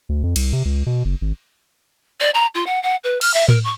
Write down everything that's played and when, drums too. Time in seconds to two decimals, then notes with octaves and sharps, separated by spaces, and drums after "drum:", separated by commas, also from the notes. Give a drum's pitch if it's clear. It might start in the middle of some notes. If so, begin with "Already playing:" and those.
0.09 D2
0.23 F2
0.36 C2, drum: cymbal
0.53 C3
0.65 C#2
0.86 B2
1.05 F#1
1.21 G#1
2.21 D5
2.34 A#5
2.55 F4
2.66 F#5
2.83 F#5
3.04 B4
3.21 F6, drum: cymbal
3.34 E5
3.48 A#4, drum: tom A2
3.64 C#6